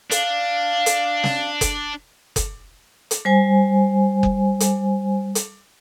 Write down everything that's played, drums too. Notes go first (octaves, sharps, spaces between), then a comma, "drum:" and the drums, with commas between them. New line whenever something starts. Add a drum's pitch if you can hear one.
D4 F5, drum: hi-hat
drum: hi-hat
drum: snare
drum: kick F#1, hi-hat
drum: kick F#1, hi-hat
drum: hi-hat
G3 C5 G#5
drum: kick F#1
drum: hi-hat
drum: hi-hat